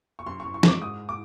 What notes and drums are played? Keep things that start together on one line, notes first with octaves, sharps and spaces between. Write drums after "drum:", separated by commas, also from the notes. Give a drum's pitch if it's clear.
C#6
F#2 C6
C#6
F#2
C#6
G#3 D6, drum: snare
G#2 D#6
D6